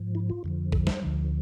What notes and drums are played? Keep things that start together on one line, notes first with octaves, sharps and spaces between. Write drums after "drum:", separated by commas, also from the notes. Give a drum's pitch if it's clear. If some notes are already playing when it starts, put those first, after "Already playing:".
Already playing: G#2 F3
E4
F4
F2 D3 F3
A4, drum: kick
C5, drum: snare
D2 D3 F3